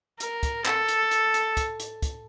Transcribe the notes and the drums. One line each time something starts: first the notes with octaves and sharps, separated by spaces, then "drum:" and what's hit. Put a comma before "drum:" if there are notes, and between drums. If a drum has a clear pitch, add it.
A#4, drum: hi-hat
drum: kick, hi-hat
A4, drum: clap
drum: hi-hat
drum: hi-hat
drum: hi-hat
drum: kick, hi-hat
drum: hi-hat
drum: kick, hi-hat